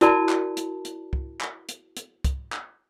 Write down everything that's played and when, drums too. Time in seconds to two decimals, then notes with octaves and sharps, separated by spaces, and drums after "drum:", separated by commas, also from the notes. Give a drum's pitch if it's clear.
0.01 E4 F#4 A#4 D5 A5 B5, drum: hi-hat
0.29 drum: clap
0.57 drum: hi-hat
0.85 drum: hi-hat
1.13 drum: kick C2
1.41 drum: clap
1.69 drum: hi-hat
1.97 drum: hi-hat
2.24 drum: kick C2, hi-hat
2.52 drum: clap